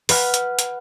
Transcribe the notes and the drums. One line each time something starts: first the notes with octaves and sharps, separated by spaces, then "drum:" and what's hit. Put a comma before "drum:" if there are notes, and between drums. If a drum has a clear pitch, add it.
B4 F#5 F6, drum: open hi-hat
drum: hi-hat
drum: hi-hat